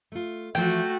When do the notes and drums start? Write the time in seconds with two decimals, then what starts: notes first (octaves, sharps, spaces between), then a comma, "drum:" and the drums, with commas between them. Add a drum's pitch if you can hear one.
0.12 A3 F4
0.55 E3 F3 A3 F#4 G5, drum: tambourine
0.70 drum: tambourine